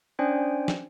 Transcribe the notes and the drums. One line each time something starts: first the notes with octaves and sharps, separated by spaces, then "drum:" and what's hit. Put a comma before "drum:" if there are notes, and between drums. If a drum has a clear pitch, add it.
C#4 D4 C5 D5 G5 G#5
drum: snare